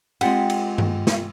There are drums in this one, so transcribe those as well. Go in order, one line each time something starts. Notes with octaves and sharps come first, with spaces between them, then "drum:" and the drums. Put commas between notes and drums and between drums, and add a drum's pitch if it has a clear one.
G#3 C4 F4 G4 F#5, drum: cymbal
drum: cymbal
drum: tom G2
drum: snare